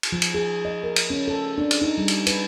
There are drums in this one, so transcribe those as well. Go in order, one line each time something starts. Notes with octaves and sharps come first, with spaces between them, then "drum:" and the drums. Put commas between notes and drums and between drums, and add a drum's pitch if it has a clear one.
drum: cymbal
F3
drum: cymbal
G#4
D#5
A#4
drum: cymbal
C#4
A4
D4
drum: cymbal
D#4
G3
drum: cymbal
B4, drum: cymbal